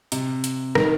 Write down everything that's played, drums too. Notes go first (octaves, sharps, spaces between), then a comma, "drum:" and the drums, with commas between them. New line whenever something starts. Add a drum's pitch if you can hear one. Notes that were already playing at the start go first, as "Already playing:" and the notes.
C3, drum: hi-hat
drum: hi-hat
D#3, drum: rim click